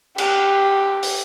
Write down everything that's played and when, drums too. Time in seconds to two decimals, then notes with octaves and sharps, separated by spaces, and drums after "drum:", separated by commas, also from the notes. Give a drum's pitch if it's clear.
0.18 G4, drum: cymbal
1.03 drum: open hi-hat